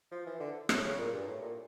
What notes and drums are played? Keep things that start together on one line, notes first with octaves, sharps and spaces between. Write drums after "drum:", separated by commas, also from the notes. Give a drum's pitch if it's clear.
F3
E3
D3
A2, drum: rim click
C#3
A#2
G2
A2
A#2